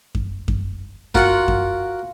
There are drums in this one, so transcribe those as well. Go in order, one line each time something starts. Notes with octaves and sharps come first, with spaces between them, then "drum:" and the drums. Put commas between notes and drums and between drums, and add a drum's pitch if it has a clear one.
drum: kick F#2
drum: kick F#2
F4 F#4 A#4 F#5, drum: kick F#2
drum: kick F#2